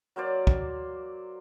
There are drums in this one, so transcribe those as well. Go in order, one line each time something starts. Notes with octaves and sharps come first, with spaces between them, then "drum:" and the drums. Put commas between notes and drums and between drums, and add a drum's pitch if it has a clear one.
F#3 A#3 C5 D5
drum: kick